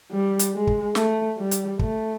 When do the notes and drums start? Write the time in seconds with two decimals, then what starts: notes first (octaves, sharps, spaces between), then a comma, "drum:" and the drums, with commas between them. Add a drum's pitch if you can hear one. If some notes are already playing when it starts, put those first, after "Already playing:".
0.12 G3
0.39 drum: hi-hat
0.53 G#3
0.67 drum: kick
0.95 A3, drum: snare
1.37 G3
1.51 drum: hi-hat
1.79 A3, drum: kick